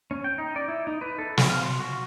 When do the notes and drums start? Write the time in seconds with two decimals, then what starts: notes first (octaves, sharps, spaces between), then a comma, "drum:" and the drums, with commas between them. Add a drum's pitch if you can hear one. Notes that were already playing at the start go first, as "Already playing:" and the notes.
0.11 C#4
0.24 G5
0.38 D#4
0.56 D5
0.68 E4
0.87 D#4
1.01 B4
1.18 A4
1.38 F#4, drum: snare
1.50 F5
1.63 C6
1.80 F#4